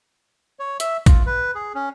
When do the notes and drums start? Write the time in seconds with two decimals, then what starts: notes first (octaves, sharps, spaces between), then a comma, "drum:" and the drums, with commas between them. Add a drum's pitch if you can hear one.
0.59 C#5
0.80 E5, drum: hi-hat
1.06 F4, drum: kick, hi-hat
1.26 B4
1.55 G#4
1.75 C#4